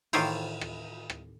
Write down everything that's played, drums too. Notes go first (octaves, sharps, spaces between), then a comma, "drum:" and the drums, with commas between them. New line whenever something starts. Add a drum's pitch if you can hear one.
A2 D#3 E3 E4 F4 C5, drum: cymbal
drum: rim click
drum: rim click